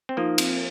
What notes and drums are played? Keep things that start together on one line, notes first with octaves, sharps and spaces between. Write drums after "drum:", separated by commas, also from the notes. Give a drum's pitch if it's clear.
C4
F3 A#3 D#4
C4, drum: cymbal